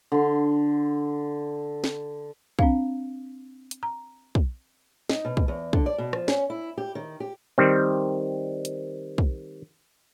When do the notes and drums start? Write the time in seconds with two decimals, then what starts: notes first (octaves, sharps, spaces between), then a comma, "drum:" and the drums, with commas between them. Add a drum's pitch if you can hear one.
0.12 D3 C6
1.84 drum: snare
2.59 C4 D4 F5, drum: kick
3.71 drum: hi-hat
3.83 A#5
4.35 drum: kick
5.09 D#4, drum: snare
5.25 B2
5.37 drum: kick
5.48 E2
5.73 D3, drum: kick
5.86 D5
5.98 B2
6.13 F3, drum: rim click
6.28 C#4, drum: snare
6.50 E4
6.78 G4
6.95 D#3
7.20 G4
7.58 D#3 G3 C4
8.65 drum: hi-hat
9.18 drum: kick